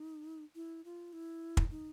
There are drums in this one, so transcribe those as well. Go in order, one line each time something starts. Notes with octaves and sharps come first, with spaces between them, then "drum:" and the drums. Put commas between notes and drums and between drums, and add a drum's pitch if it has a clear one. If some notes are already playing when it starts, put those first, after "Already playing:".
Already playing: D#4
E4
F4
E4
drum: kick
D#4